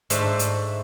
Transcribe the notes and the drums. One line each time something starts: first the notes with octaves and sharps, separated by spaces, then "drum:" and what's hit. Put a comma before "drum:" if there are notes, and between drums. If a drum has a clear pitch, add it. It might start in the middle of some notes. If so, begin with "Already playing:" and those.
G#2 A3 D4 C5 E5 C6, drum: hi-hat
drum: hi-hat